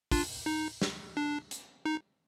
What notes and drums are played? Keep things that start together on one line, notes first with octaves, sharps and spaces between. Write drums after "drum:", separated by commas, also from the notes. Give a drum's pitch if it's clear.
D4 F4, drum: kick, open hi-hat
D#4
drum: snare
D4
drum: hi-hat
D#4